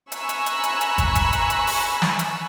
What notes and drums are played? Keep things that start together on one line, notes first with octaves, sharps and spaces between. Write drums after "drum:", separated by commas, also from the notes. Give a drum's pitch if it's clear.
G#5 A#5 B5 C#6 E6 F#6, drum: hi-hat
drum: hi-hat
drum: hi-hat
drum: hi-hat
drum: hi-hat
drum: kick, hi-hat
drum: kick, hi-hat
drum: hi-hat
drum: hi-hat
drum: open hi-hat
drum: snare
drum: hi-hat